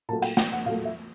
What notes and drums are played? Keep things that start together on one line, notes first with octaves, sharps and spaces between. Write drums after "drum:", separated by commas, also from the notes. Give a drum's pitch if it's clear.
A#2 F#3 A3 A5
G5, drum: hi-hat
G5, drum: snare
F#5
A#2 F#3 A3 F5
E5